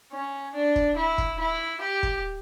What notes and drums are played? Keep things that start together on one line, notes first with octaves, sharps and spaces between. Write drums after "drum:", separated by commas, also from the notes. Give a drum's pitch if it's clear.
C#4
D4
drum: kick
E4
drum: kick
E4
G4
drum: kick